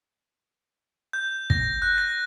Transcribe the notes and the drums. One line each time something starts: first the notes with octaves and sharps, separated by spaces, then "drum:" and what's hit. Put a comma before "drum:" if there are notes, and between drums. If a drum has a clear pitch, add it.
G6
A#6, drum: kick
F#6
A#6